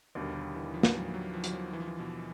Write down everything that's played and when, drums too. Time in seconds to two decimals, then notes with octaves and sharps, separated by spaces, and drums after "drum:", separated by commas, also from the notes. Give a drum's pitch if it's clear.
0.15 D#2 B2 D3 G3
0.34 D#3
0.55 E3
0.67 E3
0.74 F3
0.83 drum: snare
0.94 F#3
1.14 F#3
1.34 F3
1.44 F#3, drum: hi-hat
1.53 F3
1.73 E3
1.80 F3
1.87 E3
1.99 B2